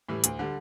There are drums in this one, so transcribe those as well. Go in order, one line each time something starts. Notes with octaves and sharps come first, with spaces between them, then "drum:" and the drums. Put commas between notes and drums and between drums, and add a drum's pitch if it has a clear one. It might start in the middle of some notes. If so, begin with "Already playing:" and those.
A2 E3 G3
D2, drum: hi-hat
D3 G3